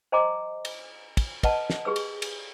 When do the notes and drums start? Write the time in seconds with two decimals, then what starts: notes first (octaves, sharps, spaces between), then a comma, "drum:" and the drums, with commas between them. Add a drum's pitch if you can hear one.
0.12 C5 D#5 G#5 A#5 C6 D6
0.65 drum: cymbal
1.17 drum: kick, cymbal
1.43 B4 D#5 F#5 A5, drum: kick, cymbal
1.70 drum: snare
1.85 G4 G#4 B4 E6
1.96 drum: cymbal
2.22 drum: cymbal